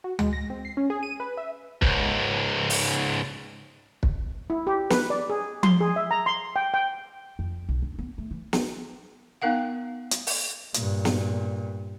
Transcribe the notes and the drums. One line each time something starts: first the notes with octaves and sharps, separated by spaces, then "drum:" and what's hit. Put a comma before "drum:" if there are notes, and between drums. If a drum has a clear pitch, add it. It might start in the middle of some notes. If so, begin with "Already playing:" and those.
F#4
G#3, drum: tom D2
A#6
C4
C7
C#4
G#4
D#7
B4
E5
C#2 G#2, drum: kick
drum: open hi-hat
drum: kick
E4
G4
B4, drum: snare
D5
G#4
C6, drum: tom F3
G#4
E5
A#5
C6
G5
G5
F2
B1
D4
B3
A3
E3
drum: snare
B3 D#4 A#4 F5 F#5
drum: hi-hat
drum: open hi-hat
G2 A#2, drum: hi-hat
drum: snare